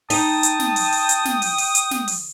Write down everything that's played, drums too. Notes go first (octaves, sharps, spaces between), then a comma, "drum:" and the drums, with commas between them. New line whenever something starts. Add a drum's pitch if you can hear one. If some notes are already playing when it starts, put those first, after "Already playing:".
D#4 G5 A5 D#6, drum: open hi-hat
drum: hi-hat
drum: snare
drum: open hi-hat
drum: open hi-hat
drum: hi-hat
drum: snare
drum: open hi-hat
drum: open hi-hat
drum: hi-hat
drum: snare
drum: open hi-hat